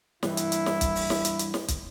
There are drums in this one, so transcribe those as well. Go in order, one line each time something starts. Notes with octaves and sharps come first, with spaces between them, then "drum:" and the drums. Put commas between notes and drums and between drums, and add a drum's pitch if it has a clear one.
G2 E3 E4, drum: snare
drum: hi-hat
drum: hi-hat
drum: snare
drum: kick, hi-hat
drum: open hi-hat
drum: snare
drum: hi-hat
drum: hi-hat
drum: snare
drum: kick, hi-hat